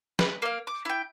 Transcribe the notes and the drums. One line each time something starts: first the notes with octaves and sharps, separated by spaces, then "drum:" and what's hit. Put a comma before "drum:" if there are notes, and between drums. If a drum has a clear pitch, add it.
B4, drum: snare
A#3 F5
D6
E4 G5